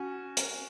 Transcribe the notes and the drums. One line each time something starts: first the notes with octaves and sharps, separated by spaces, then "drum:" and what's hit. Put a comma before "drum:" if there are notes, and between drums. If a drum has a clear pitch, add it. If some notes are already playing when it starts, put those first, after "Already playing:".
Already playing: C#4 F#4
A#4, drum: hi-hat